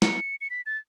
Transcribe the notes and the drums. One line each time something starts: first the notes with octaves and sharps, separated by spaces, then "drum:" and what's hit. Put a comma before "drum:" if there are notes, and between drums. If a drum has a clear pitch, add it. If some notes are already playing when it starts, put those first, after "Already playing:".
C#7, drum: snare
C#7
B6
A6